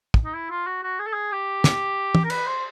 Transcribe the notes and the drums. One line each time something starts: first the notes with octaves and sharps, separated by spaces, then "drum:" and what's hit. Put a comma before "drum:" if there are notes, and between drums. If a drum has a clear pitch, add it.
drum: kick
D#4
E4
F4
F#4
F#4
G#4
A4
G#4
G4
drum: snare
drum: tom
A#4
B4, drum: cymbal
C5